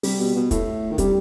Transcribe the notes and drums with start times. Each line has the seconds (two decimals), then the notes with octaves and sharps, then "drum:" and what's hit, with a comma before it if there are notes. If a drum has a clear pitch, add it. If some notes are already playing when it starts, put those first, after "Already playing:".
0.03 C3 G3, drum: open hi-hat
0.19 B2
0.36 B2
0.51 A2 A3, drum: kick, hi-hat
0.91 D#3
0.98 C3 G3, drum: kick, hi-hat